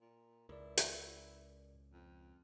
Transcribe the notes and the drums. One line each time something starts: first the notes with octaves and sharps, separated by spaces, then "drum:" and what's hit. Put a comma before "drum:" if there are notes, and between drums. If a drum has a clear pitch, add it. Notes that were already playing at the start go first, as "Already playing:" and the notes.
A#2
C#2 E4 A#4 D5
drum: hi-hat
F2